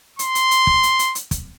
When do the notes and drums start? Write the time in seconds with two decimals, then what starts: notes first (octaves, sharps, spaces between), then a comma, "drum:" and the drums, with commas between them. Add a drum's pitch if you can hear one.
0.19 C6, drum: hi-hat
0.35 drum: hi-hat
0.51 drum: hi-hat
0.67 drum: kick
0.83 drum: hi-hat
0.99 drum: hi-hat
1.15 drum: hi-hat
1.31 drum: kick, hi-hat